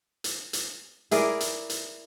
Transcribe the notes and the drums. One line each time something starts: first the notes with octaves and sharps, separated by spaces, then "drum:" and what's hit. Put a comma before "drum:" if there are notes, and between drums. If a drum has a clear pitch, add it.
drum: hi-hat
drum: hi-hat
E4 G#4 A#4 D5, drum: hi-hat
drum: hi-hat
drum: hi-hat